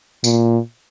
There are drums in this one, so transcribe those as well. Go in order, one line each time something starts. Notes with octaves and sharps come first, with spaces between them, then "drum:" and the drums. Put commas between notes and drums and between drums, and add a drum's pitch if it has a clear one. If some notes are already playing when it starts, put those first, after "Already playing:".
A#2, drum: tambourine